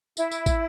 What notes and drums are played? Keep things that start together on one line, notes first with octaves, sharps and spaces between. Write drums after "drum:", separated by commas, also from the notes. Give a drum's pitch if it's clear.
E4, drum: tambourine
drum: tambourine
drum: kick, tambourine